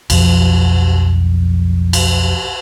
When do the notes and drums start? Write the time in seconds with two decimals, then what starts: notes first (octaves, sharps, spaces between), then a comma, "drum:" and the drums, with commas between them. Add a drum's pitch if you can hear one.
0.10 B1 F2 F3, drum: cymbal
1.93 drum: cymbal